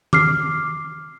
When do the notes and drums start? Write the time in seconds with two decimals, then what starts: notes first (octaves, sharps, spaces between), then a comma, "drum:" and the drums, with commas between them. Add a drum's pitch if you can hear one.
0.13 D6 F6 C7, drum: tom D#3